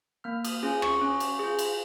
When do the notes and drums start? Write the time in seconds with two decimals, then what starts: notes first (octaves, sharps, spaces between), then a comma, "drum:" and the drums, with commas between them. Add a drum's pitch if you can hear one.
0.24 A#3 F6
0.44 D#6, drum: cymbal
0.63 C#4 F4 G#4 D#6
0.82 C#6, drum: rim click
1.01 C#4
1.20 drum: cymbal
1.39 F4 G#4
1.59 drum: cymbal